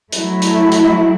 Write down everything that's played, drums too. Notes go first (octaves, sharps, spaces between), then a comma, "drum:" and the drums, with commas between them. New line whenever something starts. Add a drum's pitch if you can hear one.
F#3 A3 E4, drum: hi-hat
drum: hi-hat
drum: hi-hat